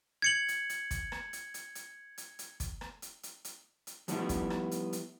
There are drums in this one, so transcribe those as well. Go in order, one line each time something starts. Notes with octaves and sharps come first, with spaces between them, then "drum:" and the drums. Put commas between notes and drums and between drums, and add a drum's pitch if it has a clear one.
G#6 C#7 F#7
drum: hi-hat
drum: hi-hat
drum: kick, hi-hat
drum: rim click
drum: hi-hat
drum: hi-hat
drum: hi-hat
drum: hi-hat
drum: hi-hat
drum: kick, hi-hat
drum: rim click
drum: hi-hat
drum: hi-hat
drum: hi-hat
drum: hi-hat
F3 G3 A3 B3 D#4 E4, drum: hi-hat
drum: kick, hi-hat
drum: rim click
drum: hi-hat
drum: hi-hat